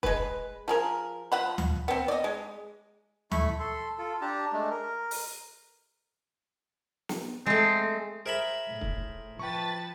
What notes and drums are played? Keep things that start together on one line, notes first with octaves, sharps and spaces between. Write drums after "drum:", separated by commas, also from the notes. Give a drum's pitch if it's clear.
G#3 B4, drum: kick
F3 G#4 A#4
F3 F#5 B5
drum: tom D2
B3 C4
D5 D#5
G#3
A3 E4 B5 C#6, drum: tom D2
A4 C6
F4 A4
D4 G4 A5 A#5
G#3 A3 D4
A#4
drum: open hi-hat
drum: snare
G#3 A3 C4
G#4 A#4 C5 E5 B5
A2
drum: kick
F3 B4 G5 A5 C#6 A6